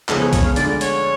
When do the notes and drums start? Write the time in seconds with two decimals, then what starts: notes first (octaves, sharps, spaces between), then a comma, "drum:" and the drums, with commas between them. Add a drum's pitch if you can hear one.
0.09 C#2 C#3 F3 G#3 B3 A4, drum: clap
0.21 C#5
0.33 C#5, drum: kick B1, hi-hat
0.45 F5
0.56 D2 D3 G#3 D4 D5, drum: hi-hat
0.81 C#5, drum: hi-hat